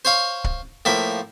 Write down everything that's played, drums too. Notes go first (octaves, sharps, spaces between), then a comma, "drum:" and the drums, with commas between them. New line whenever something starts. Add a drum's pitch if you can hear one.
C5 C#5 F5
drum: kick C#1
A2 F3 A#3 E5